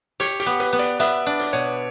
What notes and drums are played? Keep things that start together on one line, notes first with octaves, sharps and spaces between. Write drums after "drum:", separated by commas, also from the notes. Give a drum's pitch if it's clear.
G4 C#5, drum: hi-hat
G4, drum: hi-hat
B3
B4, drum: hi-hat
B3
D5, drum: hi-hat
B3 E5, drum: hi-hat
D4 D5
drum: hi-hat
B2 C#5